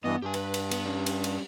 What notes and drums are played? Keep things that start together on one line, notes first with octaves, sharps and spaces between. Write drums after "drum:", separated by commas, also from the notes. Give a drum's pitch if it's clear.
G2 E3 B3 D#5
G2 G4 G#5
B4, drum: cymbal
drum: cymbal
B3, drum: cymbal
G3 C#4
drum: cymbal
drum: cymbal